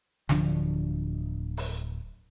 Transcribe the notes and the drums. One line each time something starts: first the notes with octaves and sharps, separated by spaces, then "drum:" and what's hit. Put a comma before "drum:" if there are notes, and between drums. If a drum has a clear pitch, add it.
D1 D3 F3 D4, drum: snare
drum: open hi-hat